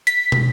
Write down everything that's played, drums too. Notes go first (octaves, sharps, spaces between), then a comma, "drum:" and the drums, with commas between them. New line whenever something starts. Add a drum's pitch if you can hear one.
B6, drum: hi-hat
drum: tom